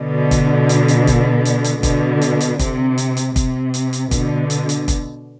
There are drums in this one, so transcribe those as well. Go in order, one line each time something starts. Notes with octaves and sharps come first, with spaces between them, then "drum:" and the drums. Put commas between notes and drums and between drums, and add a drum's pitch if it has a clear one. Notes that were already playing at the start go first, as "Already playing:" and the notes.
Already playing: B2 D3
drum: kick, hi-hat
drum: hi-hat
drum: hi-hat
drum: kick, hi-hat
drum: hi-hat
drum: hi-hat
B2 D3, drum: kick, hi-hat
drum: hi-hat
drum: hi-hat
C3, drum: kick, hi-hat
drum: hi-hat
drum: hi-hat
C3, drum: kick, hi-hat
drum: hi-hat
drum: hi-hat
B2 D3, drum: kick, hi-hat
drum: hi-hat
drum: hi-hat
drum: kick, hi-hat